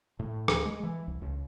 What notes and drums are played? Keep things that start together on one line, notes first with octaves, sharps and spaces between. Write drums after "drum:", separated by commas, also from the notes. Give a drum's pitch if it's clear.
A2
D2, drum: rim click
G#3
E3
C2
C#2